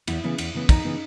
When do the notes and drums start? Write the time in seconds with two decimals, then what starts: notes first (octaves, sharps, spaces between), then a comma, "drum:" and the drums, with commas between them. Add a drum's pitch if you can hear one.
0.07 E2 E4, drum: cymbal
0.24 C#3 E3 B3
0.38 E2, drum: cymbal
0.54 C#3 E3 B3
0.69 E2 D#4, drum: kick, cymbal
0.84 C#3 E3 B3